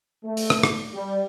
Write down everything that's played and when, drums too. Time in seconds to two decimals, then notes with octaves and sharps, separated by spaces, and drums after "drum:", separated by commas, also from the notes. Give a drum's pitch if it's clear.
0.24 A3
0.37 drum: open hi-hat
0.50 drum: rim click
0.63 drum: rim click
0.93 G3